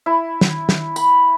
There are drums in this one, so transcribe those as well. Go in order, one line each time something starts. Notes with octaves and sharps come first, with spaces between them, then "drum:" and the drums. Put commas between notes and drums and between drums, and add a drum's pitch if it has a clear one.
E4
drum: snare
drum: snare
B5, drum: tambourine